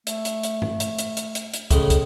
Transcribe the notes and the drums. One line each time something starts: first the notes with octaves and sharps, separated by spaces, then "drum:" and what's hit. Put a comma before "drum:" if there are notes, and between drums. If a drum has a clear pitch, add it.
A3, drum: hi-hat
drum: hi-hat
drum: hi-hat
drum: tom G2
drum: hi-hat
drum: hi-hat
drum: hi-hat
drum: hi-hat
drum: hi-hat
A2 C#3 G#3, drum: kick, hi-hat
drum: kick, hi-hat